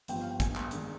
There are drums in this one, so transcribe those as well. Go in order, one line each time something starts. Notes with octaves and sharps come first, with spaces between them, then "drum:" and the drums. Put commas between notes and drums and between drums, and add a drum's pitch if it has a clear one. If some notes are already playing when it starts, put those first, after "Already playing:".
G1 G2 F3 C4 G5, drum: hi-hat
F5
G5
G#5, drum: kick, hi-hat
drum: clap
D#3 G#3 D4, drum: hi-hat